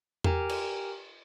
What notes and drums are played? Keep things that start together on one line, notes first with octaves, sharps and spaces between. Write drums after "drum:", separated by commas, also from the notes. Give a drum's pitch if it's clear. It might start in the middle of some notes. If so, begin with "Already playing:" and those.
G4 A#4 G5 G#5 A#5, drum: tom E2
drum: cymbal